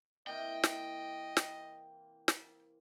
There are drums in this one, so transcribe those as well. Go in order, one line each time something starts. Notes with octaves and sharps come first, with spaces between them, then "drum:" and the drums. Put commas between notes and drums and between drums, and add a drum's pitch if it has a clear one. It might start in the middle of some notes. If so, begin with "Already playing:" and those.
C3 E3 A#3 D#5 G5
drum: snare
drum: snare
drum: snare